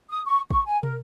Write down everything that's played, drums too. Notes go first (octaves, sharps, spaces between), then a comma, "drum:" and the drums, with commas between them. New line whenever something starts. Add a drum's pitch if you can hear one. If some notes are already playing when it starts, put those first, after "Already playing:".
D#6
C#6
C#6, drum: kick
G#5
A#4, drum: tom